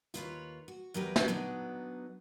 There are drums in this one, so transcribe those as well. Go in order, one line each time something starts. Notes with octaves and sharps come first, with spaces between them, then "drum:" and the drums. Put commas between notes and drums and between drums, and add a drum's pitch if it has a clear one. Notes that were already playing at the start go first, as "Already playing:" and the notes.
D#2 F4 B4 C#5, drum: hi-hat
F#4
E2 F#3 G4 A#4 B4
drum: snare
F#3 B3 D4 D#4